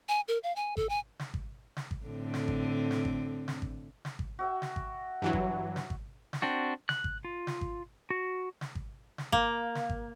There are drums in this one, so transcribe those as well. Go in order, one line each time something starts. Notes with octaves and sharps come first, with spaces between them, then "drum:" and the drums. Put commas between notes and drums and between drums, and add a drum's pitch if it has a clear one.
G#5
A#4
F5
G#5
A4, drum: kick G#1
G#5
drum: snare
drum: kick G#1
drum: snare
drum: kick G#1
A2 D3 C4
drum: snare
drum: kick G#1
drum: snare
drum: kick G#1
drum: snare
drum: kick G#1
drum: snare
drum: kick G#1
F#4 E5 G5
drum: snare
drum: kick G#1
G2 E3 F#3
drum: kick G#1
drum: snare
drum: kick G#1
drum: snare
C4 D4 F#4
F#6, drum: snare
drum: kick G#1
F4
drum: snare
drum: kick G#1
F#4
drum: snare
drum: kick G#1
drum: snare
A#3, drum: kick G#1
drum: snare
drum: kick G#1